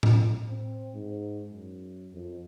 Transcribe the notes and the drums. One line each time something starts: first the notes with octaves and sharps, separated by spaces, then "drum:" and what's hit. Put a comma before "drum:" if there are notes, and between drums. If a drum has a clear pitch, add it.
drum: tom A2
C4
G#2
F#2
F2